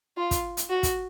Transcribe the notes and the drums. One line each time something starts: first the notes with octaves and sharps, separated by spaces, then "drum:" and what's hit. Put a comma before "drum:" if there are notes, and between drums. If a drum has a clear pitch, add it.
F4
drum: kick, hi-hat
drum: hi-hat
F#4
drum: kick, hi-hat